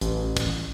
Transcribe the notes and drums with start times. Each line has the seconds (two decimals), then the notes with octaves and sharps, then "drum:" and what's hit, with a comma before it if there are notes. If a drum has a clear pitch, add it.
0.01 A1, drum: hi-hat
0.37 drum: kick, hi-hat